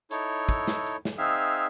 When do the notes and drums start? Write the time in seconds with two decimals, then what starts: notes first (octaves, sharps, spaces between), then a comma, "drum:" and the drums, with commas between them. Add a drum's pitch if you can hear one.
0.11 D#4 E4 A4 C#5, drum: hi-hat
0.49 drum: kick, hi-hat
0.68 drum: snare
0.86 drum: hi-hat
1.05 drum: snare
1.18 C4 D#4 G#4 E5 F5